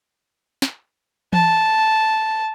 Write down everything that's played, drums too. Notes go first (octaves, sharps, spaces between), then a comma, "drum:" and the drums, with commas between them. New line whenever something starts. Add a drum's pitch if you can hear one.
drum: snare
A5, drum: tom E3